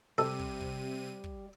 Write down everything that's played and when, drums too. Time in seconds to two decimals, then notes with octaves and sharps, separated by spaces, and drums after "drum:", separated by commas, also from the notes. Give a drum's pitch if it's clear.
0.18 C3 G3 A4 D#7
0.39 drum: kick
0.60 drum: kick
1.24 drum: kick